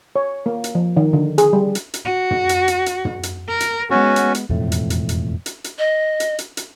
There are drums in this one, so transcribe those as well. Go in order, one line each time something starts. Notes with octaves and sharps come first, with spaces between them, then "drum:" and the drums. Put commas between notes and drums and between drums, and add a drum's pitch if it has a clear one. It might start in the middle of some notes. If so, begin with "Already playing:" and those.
C#5
A#3
drum: hi-hat
F3
D#3
D3
G#4, drum: hi-hat
G3
drum: hi-hat
drum: hi-hat
F#4
drum: tom
drum: hi-hat
drum: hi-hat
drum: hi-hat
drum: tom
drum: hi-hat
A#4
drum: hi-hat
G#3 B3 C#4 F#4
drum: hi-hat
drum: hi-hat
E1 F2 A2 A3
drum: hi-hat
drum: hi-hat
drum: hi-hat
drum: hi-hat
drum: hi-hat
D#5
drum: hi-hat
drum: hi-hat
drum: hi-hat